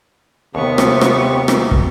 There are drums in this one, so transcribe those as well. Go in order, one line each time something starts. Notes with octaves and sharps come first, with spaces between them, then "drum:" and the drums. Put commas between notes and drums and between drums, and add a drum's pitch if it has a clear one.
D#2 C3 B3 C#6
drum: rim click
drum: rim click
drum: rim click
drum: kick